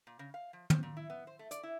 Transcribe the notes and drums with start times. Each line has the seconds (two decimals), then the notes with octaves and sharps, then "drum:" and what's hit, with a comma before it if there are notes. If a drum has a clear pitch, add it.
0.07 A#2
0.19 C#3
0.34 F5
0.53 F3
0.70 C5, drum: tom
0.83 A#2
0.97 E4
1.10 B3
1.27 C5
1.39 A3
1.51 D5, drum: hi-hat
1.63 E4